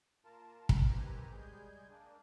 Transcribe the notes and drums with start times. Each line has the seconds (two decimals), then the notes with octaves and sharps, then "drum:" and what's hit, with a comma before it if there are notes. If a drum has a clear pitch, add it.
0.25 A#2 F4 A#4 A5
0.69 drum: kick
0.85 D#3 C4 G4 B4 G#5 A#5
1.32 G3 G#3 G#4 G#5 G6
1.91 A#3 D4